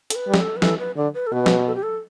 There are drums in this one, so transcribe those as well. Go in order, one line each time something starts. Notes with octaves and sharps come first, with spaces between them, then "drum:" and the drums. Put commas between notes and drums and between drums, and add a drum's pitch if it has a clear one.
A4, drum: hi-hat
B4
G3
G4, drum: snare
A4
B4
E3 A4, drum: snare
B4
D3 D5
B4
A4
B2 B4
drum: snare
A4
G4
A4